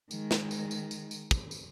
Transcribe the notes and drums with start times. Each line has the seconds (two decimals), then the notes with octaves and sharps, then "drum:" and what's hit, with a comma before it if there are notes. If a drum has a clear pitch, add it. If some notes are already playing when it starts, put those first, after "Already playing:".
0.11 D#3 G#3, drum: tambourine
0.31 drum: snare
0.51 drum: tambourine
0.71 drum: tambourine
0.91 drum: tambourine
1.11 drum: tambourine
1.31 drum: kick, tambourine
1.51 drum: tambourine